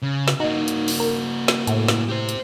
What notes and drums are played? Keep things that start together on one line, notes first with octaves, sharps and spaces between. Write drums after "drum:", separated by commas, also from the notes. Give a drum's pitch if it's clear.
C#3
drum: snare
A#3 D#4 F#4
drum: hi-hat
drum: open hi-hat
A#4
drum: snare
A2, drum: hi-hat
drum: snare
G4 C5
drum: hi-hat